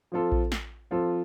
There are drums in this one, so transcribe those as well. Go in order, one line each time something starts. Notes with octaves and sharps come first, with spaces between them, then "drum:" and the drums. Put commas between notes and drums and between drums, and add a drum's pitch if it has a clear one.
F3 C4 F4 A4
drum: kick A#1
drum: snare
F3 C4 F4 A4